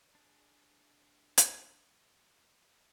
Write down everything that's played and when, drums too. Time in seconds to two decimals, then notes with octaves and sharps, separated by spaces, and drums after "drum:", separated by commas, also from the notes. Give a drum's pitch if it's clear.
0.15 D4 G#4
1.38 drum: hi-hat